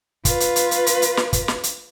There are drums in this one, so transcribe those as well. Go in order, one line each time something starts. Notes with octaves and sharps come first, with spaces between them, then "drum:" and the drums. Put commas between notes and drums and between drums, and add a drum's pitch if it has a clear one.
F4 B4, drum: kick, hi-hat
drum: hi-hat
drum: hi-hat
drum: hi-hat
drum: hi-hat
drum: hi-hat
drum: snare
drum: kick, hi-hat
drum: snare
drum: hi-hat